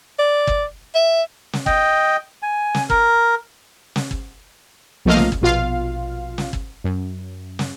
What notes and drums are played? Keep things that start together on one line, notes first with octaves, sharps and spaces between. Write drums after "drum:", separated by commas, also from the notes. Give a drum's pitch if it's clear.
D5
drum: kick
E5
drum: snare
D#5 G5, drum: kick
G#5
drum: snare
A#4, drum: kick
drum: snare
drum: kick
B1 F3 A3 A#3 D#5 F5
drum: snare
drum: kick
A#1 B2 F4 F5
drum: snare
drum: kick
F#2
drum: snare